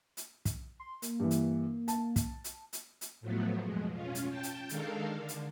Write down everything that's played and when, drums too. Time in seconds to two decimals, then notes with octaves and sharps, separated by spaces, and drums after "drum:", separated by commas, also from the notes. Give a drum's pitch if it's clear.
0.17 drum: hi-hat
0.45 drum: kick, hi-hat
0.80 C6
1.02 A#3, drum: hi-hat
1.20 G2 E3
1.31 drum: hi-hat
1.88 A5, drum: hi-hat
2.16 drum: kick, hi-hat
2.44 drum: hi-hat
2.73 drum: hi-hat
3.01 drum: hi-hat
3.21 A2 F3 F#3 A3 B3
3.63 F2 B2 G#3
3.92 C#4 F4
4.15 drum: hi-hat
4.29 G5 A5 G6
4.43 drum: hi-hat
4.69 D#3 G#3 D4 A4 A#4 F5, drum: hi-hat
5.14 D3
5.29 drum: hi-hat